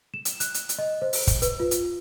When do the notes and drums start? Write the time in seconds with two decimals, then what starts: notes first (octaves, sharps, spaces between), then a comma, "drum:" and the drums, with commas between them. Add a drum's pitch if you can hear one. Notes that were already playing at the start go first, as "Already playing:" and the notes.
0.14 E7
0.25 drum: hi-hat
0.40 F#6, drum: hi-hat
0.54 drum: hi-hat
0.69 drum: hi-hat
0.78 D#5
1.02 C5
1.13 drum: open hi-hat
1.27 drum: kick, hi-hat
1.42 B4, drum: hi-hat
1.60 F4
1.71 drum: hi-hat